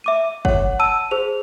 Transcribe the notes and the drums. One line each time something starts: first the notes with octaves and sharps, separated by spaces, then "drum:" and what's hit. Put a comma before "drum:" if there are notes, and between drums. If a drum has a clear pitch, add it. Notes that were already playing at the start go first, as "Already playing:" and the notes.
E5 D6 D#7
C#5 F#5, drum: kick F#1
A5 E6 D#7
G#4 C5 F7